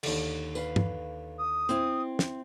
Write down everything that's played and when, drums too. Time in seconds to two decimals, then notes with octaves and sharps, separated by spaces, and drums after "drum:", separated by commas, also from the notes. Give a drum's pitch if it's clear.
0.03 D#2 D3, drum: cymbal
0.55 B4 F5, drum: tambourine
0.76 drum: tom G2
1.39 D#6
1.69 C4 E4, drum: hi-hat
2.19 drum: snare